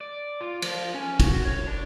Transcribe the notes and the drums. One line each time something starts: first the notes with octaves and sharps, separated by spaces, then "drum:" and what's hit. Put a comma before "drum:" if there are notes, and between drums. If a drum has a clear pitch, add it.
D5
F4
F3, drum: cymbal
C#4
F#4, drum: kick, cymbal
C#5
D4